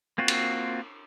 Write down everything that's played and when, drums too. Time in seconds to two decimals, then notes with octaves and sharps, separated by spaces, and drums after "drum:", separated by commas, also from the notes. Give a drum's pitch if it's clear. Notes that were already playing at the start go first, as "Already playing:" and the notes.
0.18 A#3 C4 F4 F#4
0.28 drum: cymbal